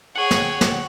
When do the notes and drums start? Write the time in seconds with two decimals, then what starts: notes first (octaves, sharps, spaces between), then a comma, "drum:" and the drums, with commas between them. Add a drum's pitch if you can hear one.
0.16 G#4 C#5 F#5 G5 C#6 F#7
0.31 drum: snare
0.61 drum: snare